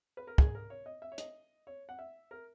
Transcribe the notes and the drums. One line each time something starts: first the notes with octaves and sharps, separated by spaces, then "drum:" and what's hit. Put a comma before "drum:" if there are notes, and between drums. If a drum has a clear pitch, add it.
B4
A#4
G#4, drum: kick
A#4
C#5
D#5
E5
C#5
D#5, drum: hi-hat
C#5
F#5
E5
A#4